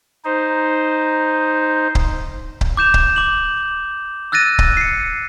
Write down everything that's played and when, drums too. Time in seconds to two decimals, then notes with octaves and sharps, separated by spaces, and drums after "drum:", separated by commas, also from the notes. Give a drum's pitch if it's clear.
0.25 D#4 C5
1.95 drum: kick C#1
2.61 drum: kick C#1
2.77 D6 G6 E7 F7
2.94 drum: kick C#1
3.16 D6 F#7
4.32 E6 F#6 A6 A#6 D#7
4.59 drum: kick C#1
4.77 C7 C#7